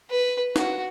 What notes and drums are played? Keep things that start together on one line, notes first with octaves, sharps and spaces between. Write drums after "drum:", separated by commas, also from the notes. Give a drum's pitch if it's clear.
B4
F#4, drum: snare